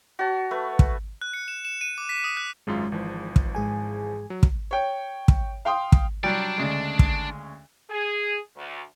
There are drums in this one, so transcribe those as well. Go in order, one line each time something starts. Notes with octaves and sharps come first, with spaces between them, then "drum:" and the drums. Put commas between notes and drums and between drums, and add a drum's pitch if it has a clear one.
F#4 C#5 A5
A3 B4
drum: kick
F#6
C#7
E7
E7
D#7
D6
B6
D#6
F#6
G#1 F#2 G#3 F4
G#1 E3 F3
drum: kick
G#2 G#4 G#5
F#3
drum: kick
C#5 G5
drum: kick
F5 G5 C6 D#6
drum: kick
F#3 G3 D4 D5
D2 C#3 G#3
drum: kick
G#4
D2